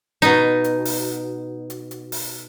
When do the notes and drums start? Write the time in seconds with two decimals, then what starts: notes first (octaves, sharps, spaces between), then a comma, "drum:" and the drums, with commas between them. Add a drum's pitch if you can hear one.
0.22 B2 D#4, drum: hi-hat
0.64 drum: hi-hat
0.85 drum: open hi-hat
1.70 drum: hi-hat
1.91 drum: hi-hat
2.12 drum: open hi-hat